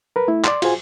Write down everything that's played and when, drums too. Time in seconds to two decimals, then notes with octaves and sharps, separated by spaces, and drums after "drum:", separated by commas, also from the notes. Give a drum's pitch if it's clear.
0.16 A#4 B4
0.28 A3 E4
0.44 D5 C6, drum: clap
0.62 F4 F#4 G#4 C5 G#5, drum: cymbal